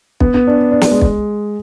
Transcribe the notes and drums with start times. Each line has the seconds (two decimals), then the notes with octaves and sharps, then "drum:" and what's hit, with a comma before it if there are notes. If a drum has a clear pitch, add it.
0.20 B3, drum: kick
0.34 B3
0.47 D4
0.71 D4
0.81 B3, drum: snare
0.91 G#3
1.01 drum: kick